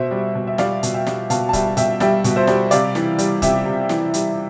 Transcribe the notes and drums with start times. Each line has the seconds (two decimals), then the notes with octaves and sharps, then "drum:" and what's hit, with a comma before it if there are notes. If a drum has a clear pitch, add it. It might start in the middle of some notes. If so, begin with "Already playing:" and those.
Already playing: B2 C5 E5
0.11 G3
0.35 B2
0.47 E5
0.58 G3 D5 F5, drum: snare
0.83 B2, drum: hi-hat
0.94 E5 G5
1.07 G3, drum: snare
1.30 B2 F5 A5, drum: hi-hat
1.49 A5
1.53 G3 E5 G5, drum: kick C#1, hi-hat
1.77 B2 E5 G5, drum: hi-hat
2.00 G3 E5 G5, drum: snare
2.24 B2, drum: hi-hat
2.36 C5 E5
2.47 G3, drum: snare
2.71 C3 D5 F5, drum: hi-hat
2.95 E3, drum: snare
3.18 G3, drum: hi-hat
3.42 C3 E5 G5, drum: kick C#1, hi-hat
3.65 C3
3.89 E3, drum: snare
4.14 G3, drum: hi-hat